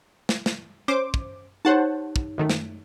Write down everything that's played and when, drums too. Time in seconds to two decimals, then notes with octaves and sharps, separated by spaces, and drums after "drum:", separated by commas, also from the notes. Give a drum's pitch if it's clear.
0.29 drum: snare
0.46 drum: snare
0.88 C#4 C5 D6
1.14 drum: kick
1.65 D#4 G4 C5 C#5 F#5 A5
2.16 drum: kick
2.38 F#2 D#3 A3
2.50 drum: snare